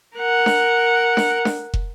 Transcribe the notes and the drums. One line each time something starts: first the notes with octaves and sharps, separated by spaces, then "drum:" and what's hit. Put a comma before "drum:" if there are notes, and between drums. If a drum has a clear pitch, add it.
A#4 F#5
drum: snare D4
drum: snare D4
drum: snare D4
drum: kick